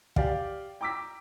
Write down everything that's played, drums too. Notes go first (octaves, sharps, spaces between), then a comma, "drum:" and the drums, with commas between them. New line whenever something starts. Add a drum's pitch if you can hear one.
G4 D5 F5, drum: kick
G5 A#5 D6 E6 B6